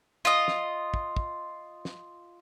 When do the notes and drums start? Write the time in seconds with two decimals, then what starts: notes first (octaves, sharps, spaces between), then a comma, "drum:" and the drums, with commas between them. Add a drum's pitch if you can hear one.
0.25 F4 D#5
0.48 drum: snare
0.94 drum: kick
1.16 drum: kick
1.85 drum: snare